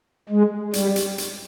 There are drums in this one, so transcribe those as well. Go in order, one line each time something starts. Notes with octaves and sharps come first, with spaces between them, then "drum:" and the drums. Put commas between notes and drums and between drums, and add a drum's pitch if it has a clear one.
G#3
G3, drum: hi-hat
drum: hi-hat
drum: hi-hat